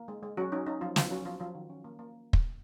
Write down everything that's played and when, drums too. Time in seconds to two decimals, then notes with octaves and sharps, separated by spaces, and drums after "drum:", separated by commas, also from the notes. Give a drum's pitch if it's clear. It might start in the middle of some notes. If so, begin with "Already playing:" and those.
Already playing: A#3
0.08 G#3
0.23 G#3
0.37 F#3 C#4 F#4
0.52 C#4 D#4
0.66 C#4 D#4
0.81 F3 F#3 F4
0.96 F3 F#3 F4, drum: snare
1.10 F#3 C#4 F#4
1.25 F3 C#4 F4
1.40 F3 F#3 F4
1.55 D#3
1.70 C#4
1.84 A#3
1.99 A#3
2.33 drum: kick